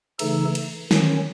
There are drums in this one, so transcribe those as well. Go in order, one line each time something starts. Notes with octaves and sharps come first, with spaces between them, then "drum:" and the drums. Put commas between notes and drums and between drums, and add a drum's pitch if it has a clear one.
C#3 E3 A3 D#4 A4, drum: cymbal
drum: cymbal
D#3 F#3 C#4, drum: snare